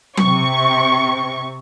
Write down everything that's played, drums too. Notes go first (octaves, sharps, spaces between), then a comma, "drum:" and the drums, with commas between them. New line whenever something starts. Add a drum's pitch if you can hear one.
C3 C#6, drum: tom F#3